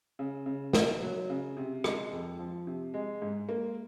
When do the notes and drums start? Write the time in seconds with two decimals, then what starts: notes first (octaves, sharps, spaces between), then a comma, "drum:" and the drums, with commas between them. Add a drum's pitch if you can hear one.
0.19 C#3
0.46 C#3
0.73 A#3, drum: snare
1.01 F#3
1.30 C#3
1.57 C3
1.84 G#3, drum: rim click
2.12 F2
2.39 F3
2.67 C3
2.94 G#3
3.22 G#2
3.49 A#3